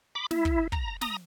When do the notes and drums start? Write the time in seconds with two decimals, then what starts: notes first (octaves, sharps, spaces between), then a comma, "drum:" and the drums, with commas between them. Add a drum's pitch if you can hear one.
0.15 B5 D6
0.31 E4, drum: snare
0.45 drum: kick
0.72 A#5, drum: kick
1.01 A#5 D#6, drum: snare